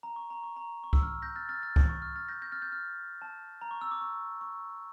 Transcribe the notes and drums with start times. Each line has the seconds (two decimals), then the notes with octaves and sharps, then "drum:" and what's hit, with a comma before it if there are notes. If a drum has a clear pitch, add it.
0.03 A#5
0.16 C#6
0.30 A#5
0.43 C#6
0.57 A#5
0.84 C#6
0.93 E6, drum: kick C2
1.03 F6
1.22 G6 A#6
1.36 F6 A6
1.49 F6 A6
1.63 F6 A6
1.76 G6, drum: kick C2
1.89 C#6
2.02 F6
2.16 F6 A6
2.28 G6 A#6
2.42 G6 A#6
2.52 F6 A6
2.62 G6
2.72 F6
3.22 A5
3.61 A#5
3.71 C#6
3.81 E6
3.91 D6
4.01 C#6
4.41 C#6